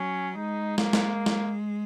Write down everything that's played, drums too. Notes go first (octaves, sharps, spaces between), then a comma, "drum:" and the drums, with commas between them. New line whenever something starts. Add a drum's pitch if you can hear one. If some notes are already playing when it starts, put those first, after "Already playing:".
Already playing: F#3 C#4
G#3 D#4
A#3, drum: snare
drum: snare
drum: snare